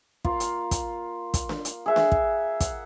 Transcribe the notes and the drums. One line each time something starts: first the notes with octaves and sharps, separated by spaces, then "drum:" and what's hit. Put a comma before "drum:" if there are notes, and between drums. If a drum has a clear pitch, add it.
A#3 F4, drum: kick
drum: hi-hat
drum: kick, hi-hat
drum: kick, hi-hat
drum: snare D4
drum: hi-hat
G#4 E5 F#5
drum: snare D4
drum: kick
F#5, drum: kick, hi-hat